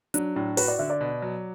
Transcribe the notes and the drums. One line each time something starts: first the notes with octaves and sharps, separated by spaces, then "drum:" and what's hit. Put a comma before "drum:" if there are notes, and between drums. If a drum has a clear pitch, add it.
F#3 D4, drum: hi-hat
A2 D4
F#4 B4, drum: open hi-hat
D5
D3 E5
D5
B2
F#3